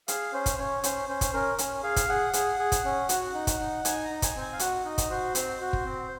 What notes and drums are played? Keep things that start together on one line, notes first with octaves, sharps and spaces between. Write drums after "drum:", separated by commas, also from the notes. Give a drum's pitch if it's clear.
G#4 F5, drum: hi-hat
C#4 C5
drum: kick, hi-hat
C#4 C#5
C#4 C5, drum: hi-hat
C#4 C5
drum: kick, hi-hat
C#4 A#4
C#4, drum: hi-hat
G#4 F5
drum: kick, hi-hat
G#4 F#5
G#4, drum: hi-hat
G#4
drum: kick, hi-hat
C#4
F#4, drum: hi-hat
D#4
drum: kick, hi-hat
D#4
D#4 G#5, drum: hi-hat
A#5
D#4
G#5, drum: kick, hi-hat
C4
G#5
F5
F#4 F#5, drum: hi-hat
D#4 D#5
drum: kick, hi-hat
F#4 C5
C4, drum: hi-hat
F#4
drum: kick
C4